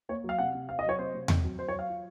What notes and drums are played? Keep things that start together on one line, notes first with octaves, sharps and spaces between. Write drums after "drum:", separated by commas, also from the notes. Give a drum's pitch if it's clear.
A#3 C#5
F#3 F5
C3 F#5
C3
C4 F5
D#5
F#3 C#5
C3 C5
C3
C4, drum: tom E2
F#3
F#3 C5
C#5
F#3 F5
F4